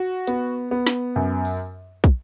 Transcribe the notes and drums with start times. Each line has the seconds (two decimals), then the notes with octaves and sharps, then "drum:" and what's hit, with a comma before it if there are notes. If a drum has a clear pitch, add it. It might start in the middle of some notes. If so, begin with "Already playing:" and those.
Already playing: F#4
0.27 B3, drum: hi-hat
0.71 B3
0.87 drum: snare
1.16 F#2
1.45 drum: open hi-hat
2.04 drum: kick, hi-hat